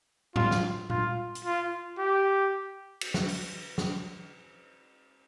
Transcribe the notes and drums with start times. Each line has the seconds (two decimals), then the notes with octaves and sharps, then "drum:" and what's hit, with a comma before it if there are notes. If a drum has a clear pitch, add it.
0.36 F4, drum: tom A2
0.51 drum: snare
0.90 F4, drum: tom A#2
1.35 drum: hi-hat
1.45 F4
1.99 G4
3.01 drum: cymbal
3.14 drum: snare
3.28 drum: open hi-hat
3.78 drum: snare